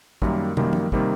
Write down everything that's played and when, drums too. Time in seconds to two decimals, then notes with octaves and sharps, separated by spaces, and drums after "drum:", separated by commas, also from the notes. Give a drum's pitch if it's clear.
0.22 F#2 D#3 G3 A#3, drum: kick
0.57 F#2 D#3 G3 A#3, drum: tom
0.73 drum: tom F3
0.92 C3 D#3 G3 A#3, drum: kick